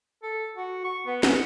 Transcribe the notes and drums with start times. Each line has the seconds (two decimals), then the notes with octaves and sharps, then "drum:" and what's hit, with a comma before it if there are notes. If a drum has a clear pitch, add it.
0.23 A4
0.56 F#4
0.84 C#6
1.06 B3
1.23 B3, drum: snare